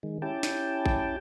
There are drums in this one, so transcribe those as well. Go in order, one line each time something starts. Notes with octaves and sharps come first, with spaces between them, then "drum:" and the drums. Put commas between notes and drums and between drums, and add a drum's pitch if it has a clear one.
D#3 G#3
C#4 E4 G4 G5 A5
drum: snare
drum: kick A1